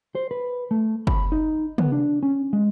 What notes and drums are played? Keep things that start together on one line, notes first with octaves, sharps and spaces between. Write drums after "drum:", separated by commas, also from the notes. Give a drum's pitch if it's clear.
C5
B4
A3
B5, drum: kick
D#4
B3, drum: tom
D4
C#4
G#3